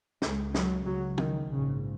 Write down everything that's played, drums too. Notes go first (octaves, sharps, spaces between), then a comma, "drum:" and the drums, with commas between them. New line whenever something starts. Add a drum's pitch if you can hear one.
C#2 C#3 G#3, drum: snare
F#3, drum: snare
C#2 C#3 F#3
D#3, drum: tom
A#1 G#2 C#3